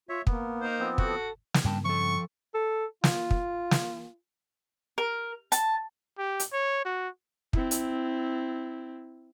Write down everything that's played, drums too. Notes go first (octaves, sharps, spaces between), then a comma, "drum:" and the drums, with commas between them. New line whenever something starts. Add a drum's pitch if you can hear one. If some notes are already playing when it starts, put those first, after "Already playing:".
F4 C#5 E5
A#3 B3, drum: kick
D#4 A#4 C5
F3 B3 C4
F#4 A4, drum: kick
drum: snare
G2 C#3 G3 C4 G5 A5
F3 A4 C#6
A4
F4, drum: snare
drum: kick
drum: snare
A#4
A5, drum: hi-hat
G4
drum: hi-hat
C#5
F#4
C4 E4, drum: kick
drum: hi-hat